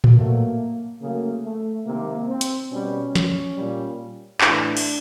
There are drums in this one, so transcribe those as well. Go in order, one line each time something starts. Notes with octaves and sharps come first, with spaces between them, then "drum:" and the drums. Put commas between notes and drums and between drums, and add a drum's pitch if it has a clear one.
drum: tom A2
B2 F#3 A3 A#3
C#3 F#3 A3 A#3
A3
C3 D#3 G#3 A#3
C4
drum: hi-hat
B2 G3 C#4
drum: snare
A#2 G3
A2 E3 A3 D4, drum: clap
drum: cymbal